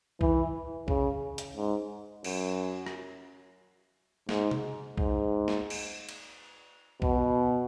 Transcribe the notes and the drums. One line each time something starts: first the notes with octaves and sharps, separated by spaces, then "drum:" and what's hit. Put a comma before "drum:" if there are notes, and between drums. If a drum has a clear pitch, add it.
E3, drum: kick B1
C#3, drum: kick B1
drum: hi-hat
G#2
F#2, drum: cymbal
drum: rim click
G#2, drum: snare
drum: tom C3
G#2, drum: kick B1
drum: snare
drum: cymbal
drum: cymbal
B2, drum: kick B1